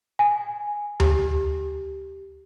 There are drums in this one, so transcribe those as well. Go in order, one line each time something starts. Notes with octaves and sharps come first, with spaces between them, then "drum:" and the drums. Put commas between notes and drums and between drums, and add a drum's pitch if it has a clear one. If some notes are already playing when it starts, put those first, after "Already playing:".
G#5
G4, drum: tom D2